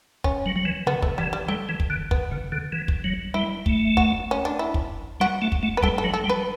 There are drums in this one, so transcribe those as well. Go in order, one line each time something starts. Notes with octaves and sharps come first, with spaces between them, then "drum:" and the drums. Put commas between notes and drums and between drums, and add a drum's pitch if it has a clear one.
C#4, drum: kick
F#3
F#3
E3
C#3 B3
A3, drum: kick
E3 G3
G3
G3 A3
E3
drum: kick
D3
B3, drum: kick
C#3
D3
E3
drum: kick
F#3
G3 E4
A3, drum: kick
F#4, drum: kick
C#4
D4
E4
drum: kick
G3 F#4
A3
drum: kick
A3
B4
G3 A4, drum: kick
A4
F#3
A4
G3
B4